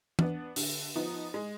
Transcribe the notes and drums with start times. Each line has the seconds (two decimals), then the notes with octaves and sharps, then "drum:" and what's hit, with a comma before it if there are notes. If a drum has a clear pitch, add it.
0.19 B3 D4, drum: tom
0.56 D3, drum: open hi-hat
0.95 F3 B3 D#4
1.34 G#3